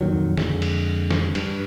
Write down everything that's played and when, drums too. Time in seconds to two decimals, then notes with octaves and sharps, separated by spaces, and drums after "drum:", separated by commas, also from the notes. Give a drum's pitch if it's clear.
0.01 F2 A#2 D#3 F#3
0.38 F2 D3 G#3, drum: snare
0.62 drum: cymbal
1.11 drum: snare
1.35 G2, drum: cymbal